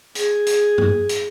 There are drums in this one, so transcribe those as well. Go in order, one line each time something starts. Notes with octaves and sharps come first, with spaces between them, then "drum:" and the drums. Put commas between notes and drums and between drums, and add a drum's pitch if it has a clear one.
G#4, drum: hi-hat
drum: hi-hat
drum: tom G2
drum: hi-hat